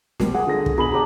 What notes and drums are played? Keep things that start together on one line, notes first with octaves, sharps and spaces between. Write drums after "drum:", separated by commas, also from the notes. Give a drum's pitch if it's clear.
B2 F3 G3, drum: snare
G#4 F#5 C#6
D3 A#6
drum: kick
B2 G#4 B5 F#7
D4 G4 A#5